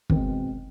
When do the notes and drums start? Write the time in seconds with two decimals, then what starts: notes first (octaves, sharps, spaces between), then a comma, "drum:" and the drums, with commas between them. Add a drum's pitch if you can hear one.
0.10 B2 D#3 G#3 C4, drum: kick